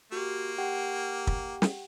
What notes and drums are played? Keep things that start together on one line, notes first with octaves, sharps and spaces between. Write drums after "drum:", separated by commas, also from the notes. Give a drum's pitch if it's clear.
A#3 F#4 G4
G4 F#5 G5
drum: kick
drum: snare